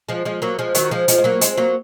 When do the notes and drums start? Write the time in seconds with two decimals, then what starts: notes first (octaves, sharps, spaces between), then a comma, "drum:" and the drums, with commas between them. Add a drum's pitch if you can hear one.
0.09 F3 G#3
0.25 F3 G#3
0.42 F#3 A#3
0.59 F3 G#3
0.75 D#3 F#3, drum: hi-hat
0.91 F3 G#3
1.08 F3 G#3, drum: hi-hat
1.18 G#3
1.24 F#3 A#3
1.41 G#3 C4, drum: hi-hat
1.57 F#3 A#3